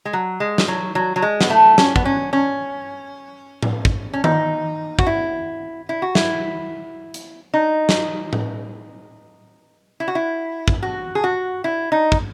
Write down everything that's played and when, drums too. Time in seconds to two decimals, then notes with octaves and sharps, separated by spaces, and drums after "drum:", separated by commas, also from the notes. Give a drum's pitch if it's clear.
0.05 G#3
0.13 F#3
0.40 G#3
0.58 drum: snare
0.68 F#3
0.95 F#3
1.16 F#3
1.22 G#3
1.41 B3, drum: snare
1.50 A3
1.78 C#4, drum: snare
1.96 B3, drum: kick
2.05 C#4
2.33 C#4
3.63 drum: tom A2
3.85 drum: kick
4.13 C#4
4.24 D#4, drum: tom D#3
4.99 F#4, drum: kick
5.07 E4
5.89 E4
6.02 F#4
6.15 E4, drum: snare
7.14 drum: hi-hat
7.54 D#4
7.89 drum: snare
8.33 drum: tom A2
10.00 E4
10.08 F#4
10.15 E4
10.68 drum: kick
10.83 F#4
11.15 G#4
11.24 F#4
11.64 E4
11.92 D#4
12.12 drum: kick